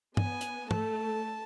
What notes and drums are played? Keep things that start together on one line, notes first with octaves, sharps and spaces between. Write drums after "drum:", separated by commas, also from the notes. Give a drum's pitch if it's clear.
B3 G#5, drum: tom G2
drum: hi-hat
A3 A5, drum: tom